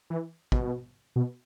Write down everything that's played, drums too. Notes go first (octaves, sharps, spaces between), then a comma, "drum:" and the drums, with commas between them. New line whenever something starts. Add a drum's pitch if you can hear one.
E3
B2, drum: kick
B2